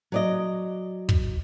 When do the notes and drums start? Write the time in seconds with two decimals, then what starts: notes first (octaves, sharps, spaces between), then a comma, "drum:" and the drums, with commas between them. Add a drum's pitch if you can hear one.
0.12 F#3 D5 D#5
1.09 drum: kick